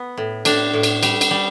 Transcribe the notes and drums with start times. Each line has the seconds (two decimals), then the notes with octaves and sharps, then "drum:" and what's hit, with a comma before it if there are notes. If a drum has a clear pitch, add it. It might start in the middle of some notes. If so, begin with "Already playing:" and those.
Already playing: B3
0.17 A2
0.45 A2 D4, drum: cymbal
0.73 A2
0.83 drum: cymbal
1.03 G3, drum: cymbal
1.21 drum: cymbal
1.31 G3